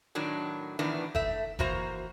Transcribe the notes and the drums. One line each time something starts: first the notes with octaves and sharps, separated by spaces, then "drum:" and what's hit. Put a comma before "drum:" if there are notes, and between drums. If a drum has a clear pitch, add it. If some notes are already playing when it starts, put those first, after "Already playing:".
A2 D#3 F#3 D4
A2 D#3 E3 B3 D4
A3 E5, drum: kick F#1
E3 A#3 F#4 C5 A#5, drum: kick F#1